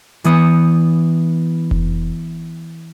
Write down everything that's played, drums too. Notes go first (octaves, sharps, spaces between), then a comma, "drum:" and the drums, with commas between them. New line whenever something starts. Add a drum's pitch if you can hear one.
E3 B3 D#6 C#7, drum: hi-hat
drum: kick F1